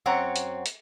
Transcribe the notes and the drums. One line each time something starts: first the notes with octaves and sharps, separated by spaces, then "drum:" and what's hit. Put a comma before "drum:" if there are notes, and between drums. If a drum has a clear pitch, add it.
F#2 C4 C#5 F#5 A#5
drum: hi-hat
drum: hi-hat